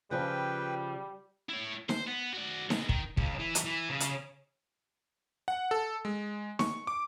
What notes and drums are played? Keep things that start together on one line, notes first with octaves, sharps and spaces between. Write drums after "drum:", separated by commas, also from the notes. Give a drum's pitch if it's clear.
C#3 F3 G3 B4 G5
E4 C#5
C5, drum: snare D#4
B3
F#4 D5
B2 G#3, drum: snare D#4
D#3, drum: kick
C#2, drum: kick
E3
drum: hi-hat
E3
C#3
drum: hi-hat
F#5
A4
G#3
C#6, drum: snare D#4
D6